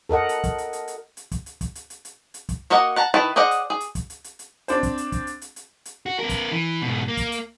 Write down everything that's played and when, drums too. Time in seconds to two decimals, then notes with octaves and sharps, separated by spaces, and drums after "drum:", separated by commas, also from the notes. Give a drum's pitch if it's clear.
0.09 A4 A#4 D#5 F#5
0.29 drum: hi-hat
0.44 drum: kick, hi-hat
0.58 drum: hi-hat
0.73 drum: hi-hat
0.88 drum: hi-hat
1.17 drum: hi-hat
1.32 drum: kick, hi-hat
1.46 drum: hi-hat
1.61 drum: kick, hi-hat
1.75 drum: hi-hat
1.90 drum: hi-hat
2.05 drum: hi-hat
2.34 drum: hi-hat
2.49 drum: kick, hi-hat
2.70 A#3 F#4 A#4 D#5 F#5
2.96 F#5 A5 A#5
3.14 D#3 E4 B4 A5
3.36 G#4 C5 D5 D#5 F#5
3.51 drum: hi-hat
3.70 G#4
3.80 drum: hi-hat
3.95 drum: kick, hi-hat
4.10 drum: hi-hat
4.24 drum: hi-hat
4.39 drum: hi-hat
4.68 C4 D4 C5, drum: hi-hat
4.83 drum: kick, hi-hat
4.98 drum: hi-hat
5.12 drum: kick, hi-hat
5.27 drum: hi-hat
5.42 drum: hi-hat
5.56 drum: hi-hat
5.85 drum: hi-hat
6.06 F#4
6.19 B3 A#4
6.29 drum: kick, hi-hat
6.51 E3
6.82 G#2 B2
7.08 A#3
7.17 drum: kick, hi-hat
7.32 drum: hi-hat